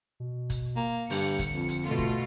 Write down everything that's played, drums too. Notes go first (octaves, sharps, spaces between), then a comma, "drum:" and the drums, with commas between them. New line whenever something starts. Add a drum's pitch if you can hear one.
B2
drum: kick, hi-hat
A#3
G2 D3 C#7, drum: open hi-hat
drum: kick, hi-hat
F2
drum: hi-hat
B2 A3 F4
drum: kick